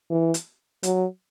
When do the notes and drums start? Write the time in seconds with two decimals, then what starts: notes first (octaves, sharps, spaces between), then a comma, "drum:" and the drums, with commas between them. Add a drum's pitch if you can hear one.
0.10 E3
0.34 drum: hi-hat
0.83 F#3, drum: hi-hat